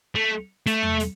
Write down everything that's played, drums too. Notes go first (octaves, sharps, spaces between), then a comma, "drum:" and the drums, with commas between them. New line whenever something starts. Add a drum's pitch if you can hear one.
A3
A3, drum: hi-hat
drum: tom E2
drum: hi-hat